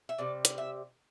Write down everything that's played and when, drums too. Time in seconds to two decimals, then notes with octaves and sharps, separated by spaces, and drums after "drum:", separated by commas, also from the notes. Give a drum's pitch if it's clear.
0.09 E5
0.18 C3 G3 D5
0.45 drum: hi-hat
0.58 E5